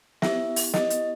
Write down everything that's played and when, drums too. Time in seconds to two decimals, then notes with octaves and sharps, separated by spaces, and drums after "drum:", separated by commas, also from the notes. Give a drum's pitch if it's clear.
0.22 B3 E4 G4 E5, drum: snare
0.56 drum: open hi-hat
0.74 D#5, drum: snare
0.90 drum: hi-hat